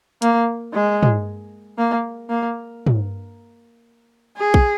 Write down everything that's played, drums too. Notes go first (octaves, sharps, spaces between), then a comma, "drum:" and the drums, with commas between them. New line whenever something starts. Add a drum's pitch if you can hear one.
A#3, drum: hi-hat
G#3
drum: tom
A#3
A#3
drum: tom
G#4
drum: kick A#1